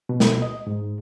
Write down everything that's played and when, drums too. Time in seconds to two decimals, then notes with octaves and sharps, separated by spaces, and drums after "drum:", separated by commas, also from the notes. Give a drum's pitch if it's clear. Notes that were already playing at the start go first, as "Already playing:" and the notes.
0.09 B2
0.20 drum: snare
0.42 D#5
0.67 G#2